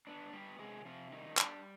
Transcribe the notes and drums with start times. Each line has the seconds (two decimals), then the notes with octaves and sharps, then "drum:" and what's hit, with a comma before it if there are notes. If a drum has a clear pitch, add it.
0.07 B3 D4
0.33 G3 B3 G4
0.59 C3 G#3 G#4
0.85 C3 F3 F4
1.11 D#3 G3 D#4
1.38 G3 D4, drum: clap